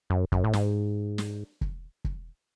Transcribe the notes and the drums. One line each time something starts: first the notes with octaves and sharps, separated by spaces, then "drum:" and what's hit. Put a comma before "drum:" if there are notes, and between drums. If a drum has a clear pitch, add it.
F#2
F#2, drum: kick
A2
G#2, drum: snare
drum: snare
drum: kick
drum: kick